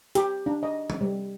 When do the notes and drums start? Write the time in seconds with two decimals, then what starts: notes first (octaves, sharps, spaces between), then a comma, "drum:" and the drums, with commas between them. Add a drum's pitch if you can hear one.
0.15 G4, drum: hi-hat
0.46 D4
0.63 D#5
0.90 drum: tom F3
1.01 G3